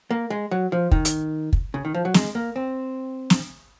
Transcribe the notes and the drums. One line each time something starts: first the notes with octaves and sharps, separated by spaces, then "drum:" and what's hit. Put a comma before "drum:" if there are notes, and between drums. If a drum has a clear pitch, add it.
A#3
G#3
F#3
F3
D#3, drum: kick
drum: hi-hat
drum: kick
C#3
D#3
F3
F#3
G#3, drum: snare
A#3
C4
drum: snare